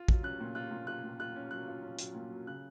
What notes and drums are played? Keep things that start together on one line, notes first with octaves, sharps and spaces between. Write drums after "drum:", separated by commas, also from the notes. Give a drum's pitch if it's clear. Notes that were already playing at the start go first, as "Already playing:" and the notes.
Already playing: F4
F#3, drum: kick
C#4 F#6
A#2
F4 F#6
A#2
F4 F#6
A#2
F4 F#6
C#4
F#3 F#6
F4
C#4
F#3, drum: hi-hat
A#2
F#3
C#3 F#6